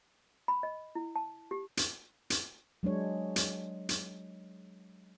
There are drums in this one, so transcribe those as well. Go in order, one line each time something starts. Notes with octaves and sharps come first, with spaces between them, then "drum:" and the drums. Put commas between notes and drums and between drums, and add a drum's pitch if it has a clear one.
B5
D#5
E4
A5
G4
drum: hi-hat
drum: hi-hat
F#3 G#3 D4 C#5
drum: hi-hat
drum: hi-hat